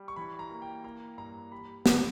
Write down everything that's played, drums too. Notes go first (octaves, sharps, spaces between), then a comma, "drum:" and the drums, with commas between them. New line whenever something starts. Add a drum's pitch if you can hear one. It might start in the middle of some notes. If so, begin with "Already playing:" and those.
Already playing: G3
C#6
E3 B5
A#5
A#3
G5
A#3 A#5
G2 A#5
G3 B5
C#2, drum: snare